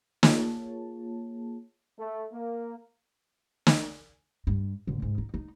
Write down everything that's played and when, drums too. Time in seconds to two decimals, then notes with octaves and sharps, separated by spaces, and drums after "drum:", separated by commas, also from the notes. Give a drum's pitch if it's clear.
0.23 A#3 F4 G#4 C#5 A5, drum: snare
1.99 A3
2.33 A#3
3.67 drum: snare
4.47 G2
4.87 A1 D3
5.02 G#2
5.18 D#4
5.34 D#4